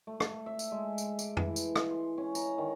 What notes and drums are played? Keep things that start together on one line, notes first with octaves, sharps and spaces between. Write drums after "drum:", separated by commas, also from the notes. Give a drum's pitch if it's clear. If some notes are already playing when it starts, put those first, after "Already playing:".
A3
drum: rim click
E5
drum: tambourine
G#3
drum: tambourine
D6, drum: tambourine
E3, drum: tom
drum: tambourine
drum: rim click
C6
C#4
A#5, drum: tambourine
D#3